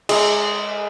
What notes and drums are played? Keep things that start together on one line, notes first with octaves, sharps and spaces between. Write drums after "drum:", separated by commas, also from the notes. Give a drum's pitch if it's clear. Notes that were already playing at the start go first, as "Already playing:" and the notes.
G#3 E6, drum: cymbal